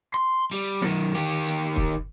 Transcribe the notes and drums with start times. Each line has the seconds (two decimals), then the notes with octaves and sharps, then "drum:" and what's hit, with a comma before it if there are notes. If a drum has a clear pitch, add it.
0.14 C6
0.51 G3
0.82 F#2 D#3, drum: snare
1.15 D#3 G4
1.46 drum: hi-hat
1.76 drum: kick